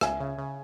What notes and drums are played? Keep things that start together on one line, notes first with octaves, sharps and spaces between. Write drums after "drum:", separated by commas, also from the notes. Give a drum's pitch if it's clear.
C#2 E5 G#5, drum: rim click
C#3
C#3